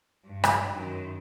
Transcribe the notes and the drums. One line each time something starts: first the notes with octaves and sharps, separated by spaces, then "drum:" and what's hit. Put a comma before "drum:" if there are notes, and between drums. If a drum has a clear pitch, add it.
G2
drum: rim click
F#2 D#3